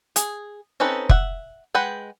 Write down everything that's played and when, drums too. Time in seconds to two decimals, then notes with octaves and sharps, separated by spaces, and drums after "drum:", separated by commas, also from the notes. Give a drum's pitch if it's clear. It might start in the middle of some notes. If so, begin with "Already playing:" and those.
0.16 G#4, drum: hi-hat
0.80 C4 C#4 D#4 A4 B4
1.09 E5 F#5, drum: kick F1
1.75 G#3 B4 F#5 G5